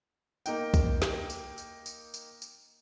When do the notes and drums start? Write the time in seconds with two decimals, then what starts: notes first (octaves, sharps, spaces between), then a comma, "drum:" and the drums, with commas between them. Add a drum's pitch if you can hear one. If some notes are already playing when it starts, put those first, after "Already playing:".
0.46 A#3 D#4 G5, drum: tambourine
0.74 drum: kick B1, tambourine
1.02 drum: snare
1.30 drum: tambourine
1.58 drum: tambourine
1.86 drum: tambourine
2.14 drum: tambourine
2.42 drum: tambourine